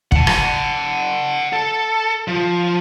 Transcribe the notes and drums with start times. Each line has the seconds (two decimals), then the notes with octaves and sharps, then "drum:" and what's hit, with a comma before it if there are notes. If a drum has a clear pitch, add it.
0.12 F#5 A5, drum: kick
0.27 drum: rim click
1.53 A4
2.28 F3